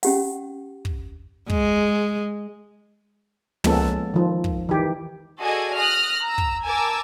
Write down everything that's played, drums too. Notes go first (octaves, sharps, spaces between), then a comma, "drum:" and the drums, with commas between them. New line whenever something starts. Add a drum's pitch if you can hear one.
C#4 G4 F#5, drum: open hi-hat
drum: kick
G#3, drum: kick
F3 G#3 A#3 B3 C#4 A4, drum: tom
D#3 F3
drum: kick
D#3 E3 G4
F#4 G#4 A4 D5 D#5 G#5
D#6 F6 F#6 A#6
A#5 E6
drum: kick
A#4 G#5 A5 D6 E6